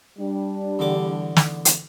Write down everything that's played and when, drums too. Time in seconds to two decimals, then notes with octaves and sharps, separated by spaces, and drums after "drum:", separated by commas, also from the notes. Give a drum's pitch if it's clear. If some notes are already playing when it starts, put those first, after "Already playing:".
0.19 G3 D4
0.79 E2 D3 D6
1.37 drum: snare
1.65 drum: hi-hat